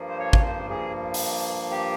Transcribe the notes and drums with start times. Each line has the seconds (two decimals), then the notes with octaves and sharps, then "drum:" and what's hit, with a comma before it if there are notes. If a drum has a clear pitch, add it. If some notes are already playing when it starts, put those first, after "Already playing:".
Already playing: G2 F3 A#3
0.08 C5
0.19 C#5
0.33 drum: kick
0.44 C5
0.70 G#4
1.14 drum: open hi-hat
1.71 G4